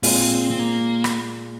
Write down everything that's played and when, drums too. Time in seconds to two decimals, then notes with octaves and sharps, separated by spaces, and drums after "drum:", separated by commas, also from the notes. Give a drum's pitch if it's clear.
0.03 A#2 G#3 C4 F4, drum: open hi-hat
0.50 C4
0.59 A#3
1.04 drum: rim click